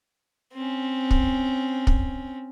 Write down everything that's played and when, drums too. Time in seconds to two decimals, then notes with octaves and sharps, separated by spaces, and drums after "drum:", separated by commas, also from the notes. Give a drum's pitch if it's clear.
0.53 C4 C#4
1.11 drum: kick
1.87 drum: kick